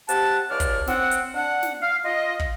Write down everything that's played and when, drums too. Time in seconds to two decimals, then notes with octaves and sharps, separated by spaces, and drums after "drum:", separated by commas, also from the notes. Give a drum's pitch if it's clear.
0.09 C3 G4 F#5 A5, drum: hi-hat
0.50 C#2 C#5 D5 F6
0.60 drum: kick, hi-hat
0.87 C4 F#5, drum: snare
1.11 drum: hi-hat
1.35 D4 F#5
1.63 drum: snare
1.82 F5
2.05 F4 D#5
2.40 drum: kick